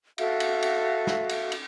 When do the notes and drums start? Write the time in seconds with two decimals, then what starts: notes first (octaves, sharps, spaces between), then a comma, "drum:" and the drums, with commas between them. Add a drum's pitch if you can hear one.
0.18 F#4 A4 E5 F5, drum: cymbal
0.40 drum: cymbal
0.62 drum: cymbal
1.07 drum: snare
1.29 drum: cymbal
1.52 drum: cymbal